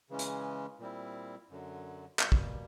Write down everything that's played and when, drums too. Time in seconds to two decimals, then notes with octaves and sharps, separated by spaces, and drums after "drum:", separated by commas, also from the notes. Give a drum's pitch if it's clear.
0.10 C#3 E3 G#3 C#4
0.19 drum: hi-hat
0.79 A#2 G3 C4 E4
1.49 F#2 D3 F#3
2.19 B2 G3 A#3, drum: clap
2.32 drum: kick